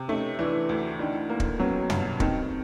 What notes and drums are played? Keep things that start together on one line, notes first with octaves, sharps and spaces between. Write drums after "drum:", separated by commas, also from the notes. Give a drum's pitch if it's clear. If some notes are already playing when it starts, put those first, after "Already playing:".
Already playing: C3
A3 C#4 D#4
E3 D4 E4
D2
D#3 D4 E4
A#3
drum: kick
F#3 B3 C#4
G2, drum: tom
D#3 C4, drum: kick